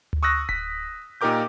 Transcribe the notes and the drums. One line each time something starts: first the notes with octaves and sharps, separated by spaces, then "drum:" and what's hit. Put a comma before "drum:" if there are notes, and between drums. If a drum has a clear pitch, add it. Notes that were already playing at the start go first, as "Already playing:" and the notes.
drum: tom D2
C#6 D#6 E6 F#6 A#6
B6, drum: kick D1
A#2 D#4 G4 A#4 D6 G6